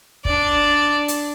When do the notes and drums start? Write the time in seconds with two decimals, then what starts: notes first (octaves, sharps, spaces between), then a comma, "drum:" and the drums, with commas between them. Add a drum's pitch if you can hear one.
0.25 D4 D5, drum: kick
1.08 drum: hi-hat